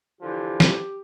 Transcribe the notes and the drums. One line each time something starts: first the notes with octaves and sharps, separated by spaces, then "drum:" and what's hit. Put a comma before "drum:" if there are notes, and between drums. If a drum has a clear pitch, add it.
D3 E3 F3 G4
drum: snare